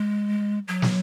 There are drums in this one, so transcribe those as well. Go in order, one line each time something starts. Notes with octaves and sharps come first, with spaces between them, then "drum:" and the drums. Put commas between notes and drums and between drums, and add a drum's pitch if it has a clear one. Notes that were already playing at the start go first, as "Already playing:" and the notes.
Already playing: G#3
F#3
drum: snare